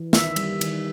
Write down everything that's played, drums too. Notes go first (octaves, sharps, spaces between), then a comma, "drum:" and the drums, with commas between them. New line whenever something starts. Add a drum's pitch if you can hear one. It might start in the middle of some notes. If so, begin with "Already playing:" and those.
Already playing: E3
D#3 E5, drum: snare
G3, drum: cymbal
D#3, drum: cymbal